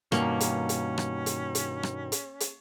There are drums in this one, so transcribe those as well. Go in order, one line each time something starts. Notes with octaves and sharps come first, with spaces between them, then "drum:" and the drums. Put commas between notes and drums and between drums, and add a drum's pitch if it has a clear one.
G2 B2 D#3 A#3 C#4, drum: rim click
drum: hi-hat
drum: hi-hat
drum: rim click
drum: hi-hat
drum: hi-hat
drum: rim click
drum: hi-hat
drum: hi-hat